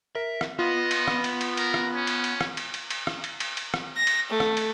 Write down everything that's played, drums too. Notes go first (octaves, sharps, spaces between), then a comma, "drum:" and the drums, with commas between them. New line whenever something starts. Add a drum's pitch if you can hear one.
A#4 E5
drum: rim click
B3 F4 D#5
drum: cymbal
drum: rim click
drum: cymbal
drum: cymbal
A#4, drum: cymbal
drum: rim click
C#4
drum: cymbal
drum: cymbal
drum: rim click
drum: cymbal
drum: cymbal
drum: cymbal
drum: rim click
drum: cymbal
drum: cymbal
drum: cymbal
drum: rim click
A#6
drum: cymbal
A3
drum: rim click
drum: cymbal